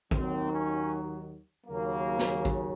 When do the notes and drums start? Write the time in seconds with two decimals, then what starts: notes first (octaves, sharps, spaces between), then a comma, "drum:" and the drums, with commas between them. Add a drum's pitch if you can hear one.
0.11 D#2 D#3 F#3 C4, drum: kick
0.51 C#4
1.67 D#2 C#3 F#3 A#3
2.19 drum: snare
2.45 drum: kick